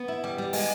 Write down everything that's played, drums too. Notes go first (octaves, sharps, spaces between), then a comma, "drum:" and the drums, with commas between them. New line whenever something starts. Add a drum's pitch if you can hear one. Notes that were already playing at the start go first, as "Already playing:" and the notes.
Already playing: B3
E4
G3
G3
G#3, drum: open hi-hat